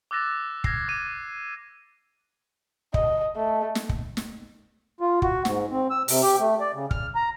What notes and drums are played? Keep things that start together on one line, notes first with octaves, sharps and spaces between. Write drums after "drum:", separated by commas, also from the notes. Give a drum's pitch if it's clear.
D6 E6 F#6 A6 A#6 E7
F6 G#6 A#6 C7, drum: kick
D6 G#6 D#7
D#5, drum: kick
A3
drum: snare
drum: kick
drum: snare
F4
F#4, drum: kick
G#2, drum: snare
C4
E6
C3, drum: open hi-hat
G4
A3
D5
C#3
F6, drum: kick
A#5